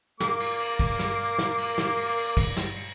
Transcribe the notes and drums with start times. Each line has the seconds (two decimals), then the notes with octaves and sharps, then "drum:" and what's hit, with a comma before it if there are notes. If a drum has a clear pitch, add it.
0.20 A#3 D6, drum: snare
0.40 drum: cymbal
0.60 drum: cymbal
0.79 drum: kick, cymbal
0.99 drum: snare
1.38 drum: snare
1.58 drum: cymbal
1.78 drum: snare
1.98 drum: cymbal
2.17 drum: cymbal
2.37 drum: kick, cymbal
2.57 drum: snare
2.76 drum: cymbal